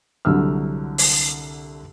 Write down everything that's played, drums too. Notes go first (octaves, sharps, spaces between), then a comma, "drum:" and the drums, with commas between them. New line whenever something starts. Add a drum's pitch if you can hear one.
C2 D3 F#3 E6 F6
drum: open hi-hat